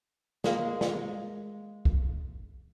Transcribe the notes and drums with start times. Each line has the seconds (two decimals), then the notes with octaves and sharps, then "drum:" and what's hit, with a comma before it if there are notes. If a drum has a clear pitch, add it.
0.44 G#3 A#3, drum: snare
0.81 drum: snare
1.85 drum: kick